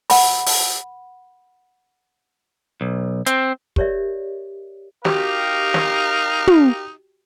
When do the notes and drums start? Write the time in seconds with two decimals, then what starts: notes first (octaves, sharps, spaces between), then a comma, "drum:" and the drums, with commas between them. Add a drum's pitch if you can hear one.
0.10 F#5 B5, drum: open hi-hat
0.46 drum: open hi-hat
2.81 B1
3.26 C4, drum: hi-hat
3.76 G4 A#4 C#5 D5 E5, drum: kick
5.05 D#4 F#4 G4 A#4 F5, drum: snare
5.74 drum: snare
6.47 drum: tom